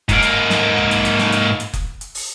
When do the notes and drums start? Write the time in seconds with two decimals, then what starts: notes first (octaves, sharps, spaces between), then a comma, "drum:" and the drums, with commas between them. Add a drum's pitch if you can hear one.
0.09 G#2 A#3, drum: kick F#1, hi-hat
0.23 drum: hi-hat
0.50 drum: snare
0.77 drum: tom B1
0.91 drum: hi-hat
1.05 drum: hi-hat
1.19 drum: snare
1.32 drum: hi-hat
1.60 drum: hi-hat
1.74 drum: kick F#1, hi-hat
2.01 drum: hi-hat
2.15 drum: open hi-hat